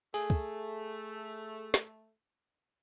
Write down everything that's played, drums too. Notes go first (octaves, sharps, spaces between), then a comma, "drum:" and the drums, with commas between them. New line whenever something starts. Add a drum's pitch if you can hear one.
A3 G#4, drum: open hi-hat
drum: kick
drum: snare